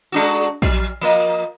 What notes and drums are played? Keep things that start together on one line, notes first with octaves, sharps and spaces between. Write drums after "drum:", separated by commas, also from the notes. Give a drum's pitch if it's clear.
G#3 D4 F#4
F#3, drum: kick A#1
F3 A#3 D#5